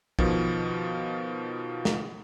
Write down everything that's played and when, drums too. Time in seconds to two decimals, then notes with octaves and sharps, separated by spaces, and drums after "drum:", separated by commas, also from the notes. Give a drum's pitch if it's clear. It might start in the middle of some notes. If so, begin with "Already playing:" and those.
0.19 B2 D#3 F3, drum: kick
1.85 drum: snare